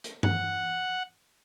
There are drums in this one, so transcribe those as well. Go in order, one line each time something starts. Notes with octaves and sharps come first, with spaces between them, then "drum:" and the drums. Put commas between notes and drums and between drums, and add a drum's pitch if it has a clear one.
drum: hi-hat
F#5, drum: tom G2